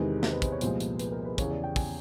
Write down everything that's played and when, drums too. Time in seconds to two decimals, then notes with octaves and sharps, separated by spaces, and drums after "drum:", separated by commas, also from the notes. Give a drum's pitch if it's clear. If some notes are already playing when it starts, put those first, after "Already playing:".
Already playing: E2 C3 D#3 G#3 B4
0.23 C5, drum: snare
0.32 B4
0.42 C5, drum: kick, hi-hat
0.52 C#5
0.61 C2 A#2 F3 G#3 B3 C5, drum: hi-hat
0.80 drum: hi-hat
0.99 B4, drum: hi-hat
1.12 A#4
1.25 B4
1.38 E2 C#3 E3 C#5, drum: kick, hi-hat
1.51 D5
1.64 G5
1.76 G#5, drum: kick, open hi-hat